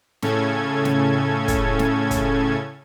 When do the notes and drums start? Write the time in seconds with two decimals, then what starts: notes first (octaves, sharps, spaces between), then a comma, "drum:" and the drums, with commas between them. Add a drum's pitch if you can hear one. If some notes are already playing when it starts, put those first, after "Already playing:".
0.22 A2 C#3 C#4 A4 G#6, drum: snare
0.85 drum: snare
1.48 drum: kick, hi-hat
1.79 drum: snare
2.11 drum: kick, hi-hat